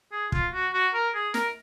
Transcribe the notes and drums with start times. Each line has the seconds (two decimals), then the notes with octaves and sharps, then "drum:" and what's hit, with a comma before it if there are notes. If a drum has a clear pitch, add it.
0.12 G#4
0.32 F4, drum: kick
0.53 F#4
0.73 F#4
0.94 A#4
1.15 G#4
1.34 A#4, drum: snare